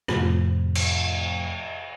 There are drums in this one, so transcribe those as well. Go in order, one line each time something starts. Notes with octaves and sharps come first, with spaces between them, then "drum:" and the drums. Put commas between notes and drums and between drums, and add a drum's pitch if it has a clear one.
F2 A2 C3 F3, drum: rim click
drum: cymbal